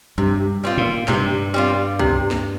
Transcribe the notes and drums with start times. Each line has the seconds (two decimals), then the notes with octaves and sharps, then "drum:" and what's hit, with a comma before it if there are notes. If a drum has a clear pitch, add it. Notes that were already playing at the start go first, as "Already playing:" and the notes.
0.18 G2 C3
0.64 G3 C4 F4
0.78 A#2
1.08 G2 C3, drum: snare
1.54 G3 C4 F4
1.99 C3, drum: kick C2
2.31 drum: snare